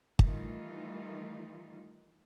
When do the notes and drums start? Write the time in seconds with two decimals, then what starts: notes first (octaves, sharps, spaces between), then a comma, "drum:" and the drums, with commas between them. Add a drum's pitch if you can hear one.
0.19 D#3 E3 G3 A3 D#4 F4, drum: kick